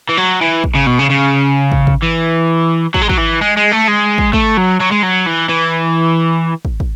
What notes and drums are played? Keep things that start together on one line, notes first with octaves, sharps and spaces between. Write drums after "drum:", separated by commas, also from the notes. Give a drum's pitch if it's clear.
E3
F#3
E3
drum: kick
C#3
B2
C#3
C#3
drum: kick
drum: kick
E3
F#3, drum: kick
G#3
F#3, drum: kick
E3
G#3
G#3
A3
G#3
drum: kick
A3, drum: kick
F#3
F#3
G#3
F#3
E3
E3
drum: kick
drum: kick